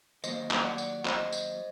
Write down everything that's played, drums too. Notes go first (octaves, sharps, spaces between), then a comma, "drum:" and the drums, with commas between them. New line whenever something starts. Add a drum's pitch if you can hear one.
D#3 F#3 A#3 C5 D#5, drum: tambourine
drum: clap
D5 F#5
drum: tambourine
C5 D#5, drum: clap
drum: tambourine